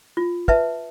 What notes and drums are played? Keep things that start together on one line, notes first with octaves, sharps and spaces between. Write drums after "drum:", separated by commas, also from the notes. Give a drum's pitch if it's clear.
F4
B4 E5 A5, drum: kick